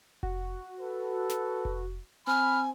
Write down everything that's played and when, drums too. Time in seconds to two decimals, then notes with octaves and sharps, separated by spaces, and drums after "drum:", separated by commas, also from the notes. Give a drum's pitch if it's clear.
0.23 F#4, drum: kick F1
0.81 A4 B4
1.29 drum: snare
1.65 drum: kick F1
2.27 C4 G#5 B5 F6